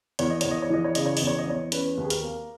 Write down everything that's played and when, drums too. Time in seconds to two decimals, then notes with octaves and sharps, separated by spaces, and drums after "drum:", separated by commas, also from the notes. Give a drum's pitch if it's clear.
0.19 E2 C#5, drum: hi-hat
0.30 D#5
0.41 E2 C#5, drum: hi-hat
0.51 D#5
0.62 C#5
0.70 E3 D#5
0.84 C#5
0.95 C#3 D#5, drum: hi-hat
1.06 C#5
1.17 E2 D#5, drum: open hi-hat
1.27 C#5
1.38 D#5
1.47 E2 C#5
1.72 C#4 B4, drum: hi-hat
1.98 D#2
2.04 G#4
2.10 A#4, drum: hi-hat
2.23 A#3